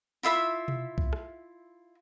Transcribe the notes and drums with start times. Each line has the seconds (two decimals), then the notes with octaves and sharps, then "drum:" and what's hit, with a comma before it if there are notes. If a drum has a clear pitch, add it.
0.23 E4 F4 E5 B5
0.68 drum: tom B2
0.98 drum: kick B1
1.13 drum: rim click